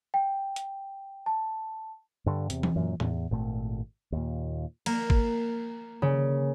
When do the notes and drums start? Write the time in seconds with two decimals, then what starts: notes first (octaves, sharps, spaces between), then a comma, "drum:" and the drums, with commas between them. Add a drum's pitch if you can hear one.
0.14 G5
0.56 drum: hi-hat
1.26 A5
2.26 G2 D3 G3
2.50 E2 C3, drum: hi-hat
2.63 drum: tom E3
2.76 F#2 A#2
3.00 E2, drum: tom A2
3.31 G#1 A#2 A3
4.12 D#2 A#2
4.86 A#3, drum: cymbal
5.10 drum: kick
6.02 C#3